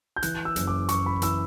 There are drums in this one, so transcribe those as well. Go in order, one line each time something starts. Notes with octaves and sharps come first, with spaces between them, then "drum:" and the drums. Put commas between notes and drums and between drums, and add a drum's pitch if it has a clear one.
G6
E3 F#6, drum: hi-hat
E6
F#1, drum: hi-hat
D6
F#1 C#6, drum: hi-hat
B5
E3 E6, drum: hi-hat